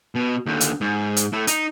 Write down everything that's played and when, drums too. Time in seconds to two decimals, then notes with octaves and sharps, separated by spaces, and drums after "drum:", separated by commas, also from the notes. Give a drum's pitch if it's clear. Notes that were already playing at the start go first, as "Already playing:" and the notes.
0.15 B2
0.46 D#2 D3
0.60 drum: hi-hat
0.81 G#2
1.16 drum: hi-hat
1.33 A3 E4
1.47 D#4, drum: hi-hat